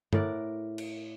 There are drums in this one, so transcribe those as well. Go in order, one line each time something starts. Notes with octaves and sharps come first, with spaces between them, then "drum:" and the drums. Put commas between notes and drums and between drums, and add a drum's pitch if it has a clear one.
A2 A#4 D5 F#5, drum: tom G2
drum: cymbal